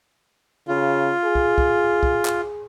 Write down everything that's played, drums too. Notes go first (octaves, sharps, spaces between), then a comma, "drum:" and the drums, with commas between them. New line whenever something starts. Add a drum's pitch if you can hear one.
C#3 F4
G#4
drum: kick
drum: kick
drum: kick
drum: clap